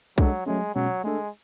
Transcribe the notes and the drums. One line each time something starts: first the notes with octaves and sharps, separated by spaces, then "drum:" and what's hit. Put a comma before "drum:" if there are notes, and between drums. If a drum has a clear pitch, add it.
F#3 G#3 D4 A4, drum: kick B1
F#3 G#3 A3 C#4
B2 F#3 G#3 C#4
G#3 A3 D4 A4